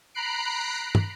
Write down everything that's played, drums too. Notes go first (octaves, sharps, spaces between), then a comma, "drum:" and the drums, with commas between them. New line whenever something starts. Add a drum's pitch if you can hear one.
A#5 B5 F#6 C7 D7
drum: tom